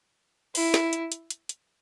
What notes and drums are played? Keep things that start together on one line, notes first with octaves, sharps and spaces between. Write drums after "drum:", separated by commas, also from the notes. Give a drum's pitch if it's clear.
E4, drum: open hi-hat
drum: snare
drum: hi-hat
drum: hi-hat
drum: hi-hat
drum: hi-hat